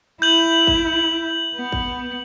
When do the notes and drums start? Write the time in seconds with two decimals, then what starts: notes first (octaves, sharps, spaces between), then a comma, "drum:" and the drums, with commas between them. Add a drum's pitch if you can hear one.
0.22 E4 G6 F#7
0.67 drum: kick G#1
1.55 B3
1.72 drum: kick G#1